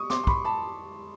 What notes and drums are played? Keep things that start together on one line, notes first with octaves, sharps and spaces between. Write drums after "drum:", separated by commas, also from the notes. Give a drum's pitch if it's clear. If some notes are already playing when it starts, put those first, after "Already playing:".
Already playing: C#6 D#6
C6 D6, drum: snare
C6
B5 C#6, drum: kick
A5 B5